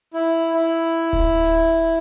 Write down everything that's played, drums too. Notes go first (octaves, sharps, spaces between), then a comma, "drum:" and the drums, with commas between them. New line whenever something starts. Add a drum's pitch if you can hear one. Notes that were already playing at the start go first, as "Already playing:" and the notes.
E4
E4
drum: kick D1
drum: hi-hat